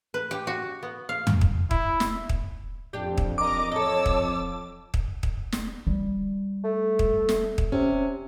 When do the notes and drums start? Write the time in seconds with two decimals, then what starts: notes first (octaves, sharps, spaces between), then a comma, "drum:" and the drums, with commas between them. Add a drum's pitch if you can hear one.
0.14 B4
0.31 G4
0.47 F#4
0.83 B3
1.09 F5
1.27 drum: tom
1.41 drum: kick
1.71 E4, drum: kick
2.00 drum: snare
2.29 drum: kick
2.93 F2 D4 G4
3.18 drum: kick
3.38 A#4 D#5 A#5 D6
3.72 A4 C#5 D#5 A5 E6
4.06 drum: kick
4.94 drum: kick
5.23 drum: kick
5.52 drum: snare
5.87 G3
6.64 A3
6.99 drum: kick
7.29 drum: snare
7.58 drum: kick
7.72 C3 C#4